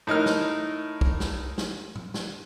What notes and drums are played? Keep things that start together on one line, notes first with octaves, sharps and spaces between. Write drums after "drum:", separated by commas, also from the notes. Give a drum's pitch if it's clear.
A2 D#4 A#4 F6
drum: snare
drum: kick
drum: snare
drum: snare
drum: tom
drum: snare